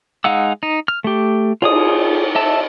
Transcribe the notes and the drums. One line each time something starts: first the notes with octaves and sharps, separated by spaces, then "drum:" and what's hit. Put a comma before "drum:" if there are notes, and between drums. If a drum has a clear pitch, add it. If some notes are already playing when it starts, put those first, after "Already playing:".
G#3 D#4 F5 F#5 E6
D#4
F6
A3 G4
F4 G#4 D#6, drum: cymbal
D#5 E5 A5